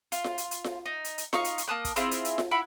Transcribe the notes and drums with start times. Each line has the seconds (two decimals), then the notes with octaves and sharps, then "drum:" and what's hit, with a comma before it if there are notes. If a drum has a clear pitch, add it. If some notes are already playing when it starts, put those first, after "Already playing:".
0.12 F4, drum: hi-hat
0.24 drum: snare F4
0.38 drum: hi-hat
0.51 drum: hi-hat
0.64 drum: snare F4
0.86 D#4
1.04 drum: hi-hat
1.18 drum: hi-hat
1.33 D#4 F4 C#6, drum: snare F4
1.45 drum: hi-hat
1.58 drum: hi-hat
1.68 A#3 A5 D#6 F#6
1.85 drum: kick, hi-hat
1.96 C4 E4 F4 G#4, drum: hi-hat
2.11 drum: hi-hat
2.25 drum: hi-hat
2.38 drum: snare F4
2.51 E4 F#5 B5